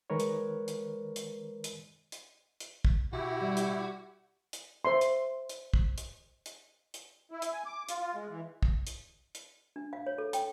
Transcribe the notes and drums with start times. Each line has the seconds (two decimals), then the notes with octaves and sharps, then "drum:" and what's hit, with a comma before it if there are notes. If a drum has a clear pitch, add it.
0.10 D#3 G#3 A#4 B4 C#5
0.20 drum: hi-hat
0.68 drum: hi-hat
1.16 drum: hi-hat
1.64 drum: hi-hat
2.12 drum: hi-hat
2.60 drum: hi-hat
2.85 drum: kick
3.13 B2 E4 F#4 G4
3.41 G3
3.57 drum: hi-hat
4.53 drum: hi-hat
4.85 C5 E5 C6
5.01 drum: hi-hat
5.49 drum: hi-hat
5.74 drum: kick
5.98 drum: hi-hat
6.46 drum: hi-hat
6.94 drum: hi-hat
7.31 E4
7.42 drum: hi-hat
7.53 G#5
7.65 D6
7.89 F4, drum: hi-hat
8.00 F4
8.14 G#3
8.29 E3
8.63 drum: kick
8.87 drum: hi-hat
9.35 drum: hi-hat
9.76 D4
9.93 F5
10.07 C#5
10.18 A4
10.33 G5, drum: hi-hat